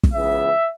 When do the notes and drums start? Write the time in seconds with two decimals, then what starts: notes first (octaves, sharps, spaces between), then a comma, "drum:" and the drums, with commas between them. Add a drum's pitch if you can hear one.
0.03 drum: kick
0.13 C#2 C#3 E3 B3 E5